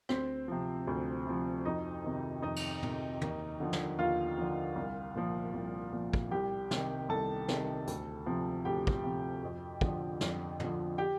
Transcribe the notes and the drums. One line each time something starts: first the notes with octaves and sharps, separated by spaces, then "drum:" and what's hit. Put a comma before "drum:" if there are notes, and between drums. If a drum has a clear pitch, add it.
D2 C4 C5, drum: rim click
C3 F3
D2
C3 F3
F2 D#4 D#5
C3 D#3
F2 D#4 D#5
drum: cymbal
C3 D#3, drum: tom
D#2, drum: tom
D3 F3
drum: snare
D#2 F4 F5
D3 F3
C2
A#2 F3
C2
A#2 F3
drum: kick
C2 G4 G5
C3 D#3, drum: snare
C2 A4 A5
C3 D#3, drum: snare
D2, drum: hi-hat
C3 F3
D2 G4 G5
drum: kick
C3 F3
F2
D3 F3, drum: kick
F2, drum: snare
D3 F3, drum: tom
G4 G5